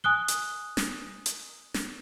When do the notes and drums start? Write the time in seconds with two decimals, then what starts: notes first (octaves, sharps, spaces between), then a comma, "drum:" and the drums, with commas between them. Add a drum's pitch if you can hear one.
0.04 G#5 D#6 F#6 G7
0.28 drum: hi-hat
0.77 drum: snare
1.26 drum: hi-hat
1.74 drum: snare